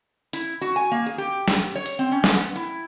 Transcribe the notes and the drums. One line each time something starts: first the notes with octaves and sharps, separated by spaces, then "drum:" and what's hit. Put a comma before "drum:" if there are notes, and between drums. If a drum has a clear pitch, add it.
E4, drum: hi-hat
F#4
G#5
A#3
G#4
G4
drum: snare
C#5
drum: hi-hat
C4
C#4
drum: snare
B3
E4